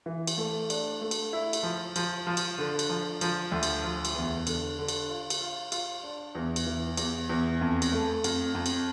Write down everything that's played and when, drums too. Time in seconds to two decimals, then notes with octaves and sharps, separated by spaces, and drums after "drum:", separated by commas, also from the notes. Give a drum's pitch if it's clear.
0.06 E3
0.27 drum: cymbal
0.38 A3
0.70 D4, drum: cymbal
1.01 A3
1.11 drum: cymbal
1.33 E4
1.53 drum: cymbal
1.63 F3
1.96 F3, drum: cymbal
2.27 F3
2.37 drum: cymbal
2.58 D3
2.79 drum: cymbal
2.89 F3
3.21 F3, drum: cymbal
3.52 D2
3.63 drum: cymbal
3.84 F3
4.05 drum: cymbal
4.15 E2
4.47 D3, drum: cymbal
4.79 D3
4.88 drum: cymbal
5.10 F4
5.30 drum: cymbal
5.40 F4
5.72 F4, drum: cymbal
6.03 D4
6.35 E2
6.56 drum: cymbal
6.66 E3
6.97 E2, drum: cymbal
7.29 E2
7.61 F2
7.82 drum: cymbal
7.92 A3
8.24 F2, drum: cymbal
8.55 F2
8.66 drum: cymbal